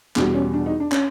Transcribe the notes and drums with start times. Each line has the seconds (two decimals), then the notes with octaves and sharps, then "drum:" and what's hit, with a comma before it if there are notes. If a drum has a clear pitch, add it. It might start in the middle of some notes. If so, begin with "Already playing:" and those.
0.16 E2 B2 G3 D4, drum: clap
0.34 C#4
0.54 D4
0.66 D#4
0.80 D4
0.92 C#4, drum: clap